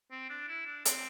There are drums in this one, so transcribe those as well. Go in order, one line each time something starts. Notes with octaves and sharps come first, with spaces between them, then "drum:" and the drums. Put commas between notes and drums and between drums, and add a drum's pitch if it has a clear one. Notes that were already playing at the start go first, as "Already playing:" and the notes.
C4
D4
E4
D4
C4, drum: hi-hat